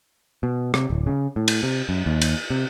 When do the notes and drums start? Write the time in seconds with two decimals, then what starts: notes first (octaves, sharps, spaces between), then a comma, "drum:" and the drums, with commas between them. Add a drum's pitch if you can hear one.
0.43 B2
0.74 C3, drum: rim click
0.90 D1
1.07 C#3
1.36 A2
1.48 drum: cymbal
1.63 C3
1.89 F#2
2.06 D#2
2.22 drum: cymbal
2.50 C3